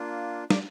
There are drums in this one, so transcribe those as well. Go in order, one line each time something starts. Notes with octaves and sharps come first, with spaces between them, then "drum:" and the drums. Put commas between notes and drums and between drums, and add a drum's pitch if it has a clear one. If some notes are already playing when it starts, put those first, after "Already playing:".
Already playing: A#3 D4 F4
D5, drum: snare